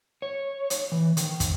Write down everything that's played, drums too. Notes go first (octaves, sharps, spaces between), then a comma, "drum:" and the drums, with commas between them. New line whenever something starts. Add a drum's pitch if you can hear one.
C#5
drum: hi-hat
E3
D#3, drum: hi-hat
drum: kick, hi-hat